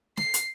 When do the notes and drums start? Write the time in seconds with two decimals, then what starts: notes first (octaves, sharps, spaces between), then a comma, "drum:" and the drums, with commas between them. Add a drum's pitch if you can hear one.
0.17 C7, drum: snare
0.34 drum: hi-hat